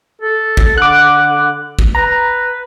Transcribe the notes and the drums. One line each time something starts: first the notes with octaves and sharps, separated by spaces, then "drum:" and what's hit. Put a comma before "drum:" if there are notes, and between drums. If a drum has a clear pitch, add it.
A4
drum: kick
D3 D6 F#6
drum: kick
B4 A#5